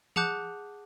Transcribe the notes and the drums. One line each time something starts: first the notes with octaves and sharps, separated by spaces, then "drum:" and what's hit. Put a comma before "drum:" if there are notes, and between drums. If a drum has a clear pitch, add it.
G#4 F#5 A5 D6 F#6 G6, drum: tom E3